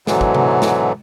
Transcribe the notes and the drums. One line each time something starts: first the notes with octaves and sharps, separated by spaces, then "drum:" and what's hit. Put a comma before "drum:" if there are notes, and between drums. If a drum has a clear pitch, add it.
G#2 B2 D3 E3 F#3, drum: snare
drum: kick
drum: tom C3
drum: snare